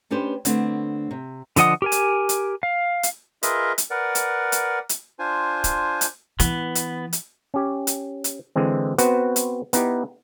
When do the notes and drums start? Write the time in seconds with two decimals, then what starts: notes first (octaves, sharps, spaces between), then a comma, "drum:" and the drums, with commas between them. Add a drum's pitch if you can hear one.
0.11 C#4 D4 G4 B4 C5
0.45 D3 A3 B3 C4 D4, drum: hi-hat
1.11 C3
1.56 D3 F3 D#5 F#5 D#6, drum: hi-hat
1.82 G4 A#4 G#5
1.92 drum: hi-hat
2.29 drum: hi-hat
2.63 F5
3.03 drum: hi-hat
3.43 F4 G#4 A#4 B4 D#5 E5, drum: hi-hat
3.78 drum: hi-hat
3.91 A#4 B4 D5 F#5
4.15 drum: hi-hat
4.52 drum: hi-hat
4.89 drum: hi-hat
5.19 D4 F4 C5 G#5
5.64 drum: kick D1, hi-hat
6.01 drum: hi-hat
6.40 E3 B3, drum: hi-hat
6.75 drum: hi-hat
7.13 drum: hi-hat
7.54 C#4 G4
7.87 drum: hi-hat
8.24 drum: hi-hat
8.56 D3 E3 G#3 C4
8.98 B3 C4 F#4 B4 C5, drum: hi-hat
9.36 drum: hi-hat
9.73 B3 D#4 E4 G4, drum: hi-hat